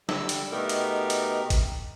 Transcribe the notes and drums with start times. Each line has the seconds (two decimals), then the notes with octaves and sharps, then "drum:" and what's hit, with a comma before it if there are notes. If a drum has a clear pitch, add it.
0.09 D3 G3 E6, drum: snare
0.29 drum: hi-hat
0.52 B2 A3 B3 D#4 G4 A#4
0.69 drum: hi-hat
1.10 drum: hi-hat
1.50 drum: kick G#1, hi-hat